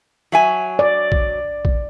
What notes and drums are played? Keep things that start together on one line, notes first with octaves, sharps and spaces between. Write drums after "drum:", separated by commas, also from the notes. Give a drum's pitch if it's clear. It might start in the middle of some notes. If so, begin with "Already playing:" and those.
F#3 E5 G#5
D5
drum: kick A#1
drum: kick A#1